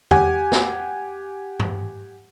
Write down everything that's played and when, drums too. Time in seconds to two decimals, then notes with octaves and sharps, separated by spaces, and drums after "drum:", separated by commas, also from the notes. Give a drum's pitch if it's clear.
0.11 G4 F#5 G#5, drum: tom E2
0.52 drum: snare
1.60 drum: tom G2